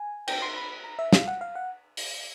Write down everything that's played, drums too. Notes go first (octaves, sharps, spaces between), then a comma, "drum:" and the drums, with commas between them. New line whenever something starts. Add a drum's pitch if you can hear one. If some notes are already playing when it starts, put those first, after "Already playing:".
Already playing: G#5
G5, drum: cymbal
C6
B5
A#5
E5
F5, drum: snare
F#5
F5
F#5
drum: open hi-hat